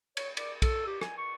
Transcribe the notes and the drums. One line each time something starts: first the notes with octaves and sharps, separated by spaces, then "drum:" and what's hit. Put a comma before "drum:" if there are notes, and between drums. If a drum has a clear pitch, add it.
C#5, drum: cymbal
D5, drum: cymbal
A4, drum: kick, cymbal
G4
G#5, drum: rim click
C#6